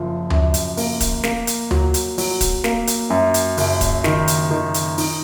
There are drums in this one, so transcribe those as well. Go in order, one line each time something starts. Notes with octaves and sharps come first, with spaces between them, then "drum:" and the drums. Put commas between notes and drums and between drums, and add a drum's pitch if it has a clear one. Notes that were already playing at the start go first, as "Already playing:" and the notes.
Already playing: F#1 F3
F#2, drum: tom D2
drum: hi-hat
A#3, drum: open hi-hat
drum: kick, hi-hat
A#3, drum: snare
drum: hi-hat
F#3, drum: tom D2
drum: hi-hat
F#3, drum: open hi-hat
drum: kick, hi-hat
A#3, drum: snare
drum: hi-hat
F#2
drum: hi-hat
F#1, drum: open hi-hat
drum: kick, hi-hat
D#3, drum: snare
drum: hi-hat
D#3
drum: hi-hat
D#4, drum: open hi-hat